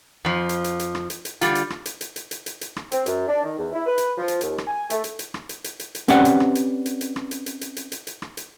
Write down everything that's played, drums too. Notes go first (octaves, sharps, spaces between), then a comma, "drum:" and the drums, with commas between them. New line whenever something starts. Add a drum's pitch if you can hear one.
F2 F3
drum: hi-hat
drum: hi-hat
drum: hi-hat
drum: rim click
drum: hi-hat
drum: hi-hat
D3 G3 F4, drum: hi-hat
drum: hi-hat
drum: rim click
drum: hi-hat
drum: hi-hat
drum: hi-hat
drum: hi-hat
drum: hi-hat
drum: hi-hat
drum: rim click
C4, drum: hi-hat
F#2, drum: hi-hat
D4
D#3
E2
E4
B4
drum: hi-hat
F3
drum: hi-hat
D#2, drum: hi-hat
drum: rim click
G#5
A3, drum: hi-hat
drum: hi-hat
drum: hi-hat
drum: rim click
drum: hi-hat
drum: hi-hat
drum: hi-hat
drum: hi-hat
C4 C#4 G4 B4 D5 F#5, drum: hi-hat
drum: hi-hat
drum: rim click
drum: hi-hat
drum: hi-hat
drum: hi-hat
drum: rim click
drum: hi-hat
drum: hi-hat
drum: hi-hat
drum: hi-hat
drum: hi-hat
drum: hi-hat
drum: rim click
drum: hi-hat